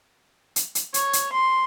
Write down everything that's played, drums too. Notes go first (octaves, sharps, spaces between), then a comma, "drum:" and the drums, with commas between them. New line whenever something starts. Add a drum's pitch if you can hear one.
drum: hi-hat
drum: hi-hat
C#5, drum: hi-hat
drum: hi-hat
C6